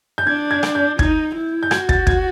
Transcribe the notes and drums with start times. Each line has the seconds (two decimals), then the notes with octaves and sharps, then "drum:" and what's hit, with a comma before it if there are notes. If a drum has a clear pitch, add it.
0.18 G6
0.26 D4 G#6
0.51 G#6
0.63 drum: rim click
0.75 G6
0.99 D#4 G#6, drum: kick
1.35 E4
1.63 G6
1.71 F#4 G#6, drum: rim click
1.89 A6, drum: kick
2.07 G#6, drum: kick